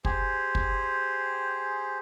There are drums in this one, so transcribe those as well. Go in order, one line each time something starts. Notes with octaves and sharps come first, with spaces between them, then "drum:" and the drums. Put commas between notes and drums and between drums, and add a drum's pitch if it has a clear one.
G4 G#4 C5, drum: kick
drum: kick